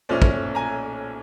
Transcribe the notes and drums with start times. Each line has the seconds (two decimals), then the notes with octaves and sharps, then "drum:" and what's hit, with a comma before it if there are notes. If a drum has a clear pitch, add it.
0.09 B1 A#2 F3 A3 C#4 C5 D5
0.22 drum: kick
0.55 G#5 A#5